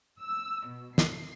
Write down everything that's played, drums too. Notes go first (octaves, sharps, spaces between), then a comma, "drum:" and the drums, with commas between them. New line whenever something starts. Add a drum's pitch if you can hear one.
E6
B2
C7, drum: snare